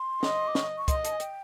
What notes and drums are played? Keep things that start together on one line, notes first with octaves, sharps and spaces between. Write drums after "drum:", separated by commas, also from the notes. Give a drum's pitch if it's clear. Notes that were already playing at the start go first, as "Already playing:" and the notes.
Already playing: C6
D#5, drum: snare
D6
C#6, drum: snare
C#6
D#5 C6, drum: kick, hi-hat
A5, drum: hi-hat
G#5
G5, drum: hi-hat